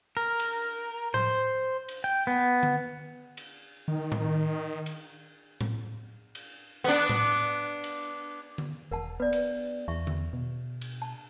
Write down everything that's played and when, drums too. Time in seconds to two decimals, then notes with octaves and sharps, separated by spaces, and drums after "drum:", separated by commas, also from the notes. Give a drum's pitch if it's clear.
0.17 A#4
0.40 drum: cymbal
1.14 C5, drum: tom A2
1.88 drum: cymbal
2.04 G5
2.27 B3
2.63 drum: tom D3
3.37 drum: cymbal
3.88 D#3
4.12 drum: tom A2
4.86 drum: cymbal
5.61 drum: tom A2
6.35 drum: cymbal
6.84 B3 D4
7.09 drum: tom A2
7.84 drum: cymbal
8.58 drum: tom D3
8.91 E1 A#4 F#5 A5
9.20 B3 B4 D5
9.33 drum: cymbal
9.88 E2 E5 C#6
10.07 drum: tom D3
10.33 B2
10.82 drum: cymbal
11.02 A5